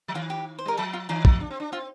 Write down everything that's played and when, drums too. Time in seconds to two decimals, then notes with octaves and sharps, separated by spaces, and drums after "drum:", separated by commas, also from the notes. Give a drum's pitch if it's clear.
0.08 F3
0.14 D#3 F4
0.30 G4
0.59 C5
0.65 G3 A#4
0.77 F3 A4
0.93 F4
1.09 D#3 D#4
1.25 F3, drum: kick
1.40 D4
1.50 C4
1.60 D4
1.72 C4 F4